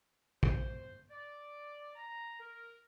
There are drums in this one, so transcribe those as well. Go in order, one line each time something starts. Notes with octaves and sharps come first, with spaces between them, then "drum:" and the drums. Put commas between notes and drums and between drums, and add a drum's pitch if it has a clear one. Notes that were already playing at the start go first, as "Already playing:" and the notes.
C5, drum: kick
D5
A#5
A#4